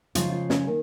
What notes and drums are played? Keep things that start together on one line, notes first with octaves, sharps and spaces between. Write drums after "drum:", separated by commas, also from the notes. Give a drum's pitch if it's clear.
C#3 F3 G#3 F4, drum: hi-hat
F4
C#4, drum: snare
D#3 A#3